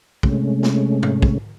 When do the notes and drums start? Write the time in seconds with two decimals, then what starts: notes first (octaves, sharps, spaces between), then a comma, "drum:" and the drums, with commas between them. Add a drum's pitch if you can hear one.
0.23 C3 G#3 A3 C#4, drum: kick
0.63 drum: snare
1.03 drum: tom G#2
1.22 drum: kick